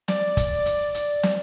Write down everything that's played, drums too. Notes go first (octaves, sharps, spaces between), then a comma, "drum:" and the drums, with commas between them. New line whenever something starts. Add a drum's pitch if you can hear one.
D5, drum: snare
drum: kick, hi-hat
drum: hi-hat
drum: hi-hat
drum: snare